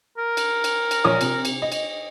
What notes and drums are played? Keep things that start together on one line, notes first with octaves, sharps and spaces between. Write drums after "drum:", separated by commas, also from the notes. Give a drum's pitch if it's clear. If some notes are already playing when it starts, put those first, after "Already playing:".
A#4
drum: cymbal
drum: cymbal
drum: cymbal
A#1 C#5 D#6
C3, drum: cymbal
drum: cymbal
D#5
drum: cymbal